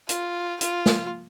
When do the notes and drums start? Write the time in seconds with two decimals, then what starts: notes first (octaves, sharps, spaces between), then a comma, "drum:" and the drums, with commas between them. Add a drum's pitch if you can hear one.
0.09 F4, drum: hi-hat
0.61 F4, drum: hi-hat
0.86 drum: snare